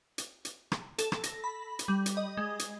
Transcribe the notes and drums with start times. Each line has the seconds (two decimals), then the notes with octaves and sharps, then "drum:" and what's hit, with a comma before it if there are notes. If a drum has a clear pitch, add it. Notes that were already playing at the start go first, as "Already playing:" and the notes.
0.18 drum: hi-hat
0.45 drum: hi-hat
0.72 drum: rim click
0.98 A4, drum: hi-hat
1.12 drum: rim click
1.23 A#6, drum: hi-hat
1.44 B5
1.79 drum: hi-hat
1.88 G3
2.06 drum: hi-hat
2.17 D#5
2.37 G#3
2.59 drum: hi-hat